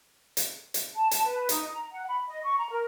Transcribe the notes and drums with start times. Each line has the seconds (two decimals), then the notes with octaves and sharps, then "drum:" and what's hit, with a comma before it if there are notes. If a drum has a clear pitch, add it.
0.37 drum: hi-hat
0.74 drum: hi-hat
0.95 A5
1.11 A5, drum: hi-hat
1.25 B4
1.49 D#4, drum: hi-hat
1.73 A#5
1.90 F#5
2.06 B5
2.26 D#5
2.43 C#6
2.57 A#5
2.70 A#4